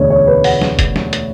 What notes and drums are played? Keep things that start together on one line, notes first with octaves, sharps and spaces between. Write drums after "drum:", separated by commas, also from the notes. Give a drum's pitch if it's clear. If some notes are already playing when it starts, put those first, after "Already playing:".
Already playing: E1 D2 D3 C#5 D5
C#5
B4
F#5, drum: open hi-hat
drum: snare
drum: kick, hi-hat
drum: snare
drum: hi-hat